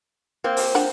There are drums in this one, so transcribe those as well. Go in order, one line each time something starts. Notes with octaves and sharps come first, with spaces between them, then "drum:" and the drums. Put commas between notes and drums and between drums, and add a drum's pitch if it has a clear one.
A#3 C4
drum: open hi-hat
F3 D4 F#5